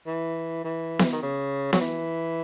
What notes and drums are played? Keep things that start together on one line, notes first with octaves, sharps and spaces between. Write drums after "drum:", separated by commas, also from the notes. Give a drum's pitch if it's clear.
E3
E3
drum: snare B3
D#3
C#3
F#3, drum: snare B3
E3